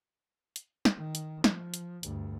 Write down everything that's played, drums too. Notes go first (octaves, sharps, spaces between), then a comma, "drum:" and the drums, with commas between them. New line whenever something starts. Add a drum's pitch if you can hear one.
drum: hi-hat
drum: snare
D#3
drum: hi-hat
F3, drum: snare
drum: hi-hat
D2 G2, drum: hi-hat